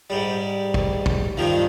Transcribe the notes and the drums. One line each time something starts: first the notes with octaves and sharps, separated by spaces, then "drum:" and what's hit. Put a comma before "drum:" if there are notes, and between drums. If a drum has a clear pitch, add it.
G#2 G3
drum: kick
drum: kick
G2 D#3 F3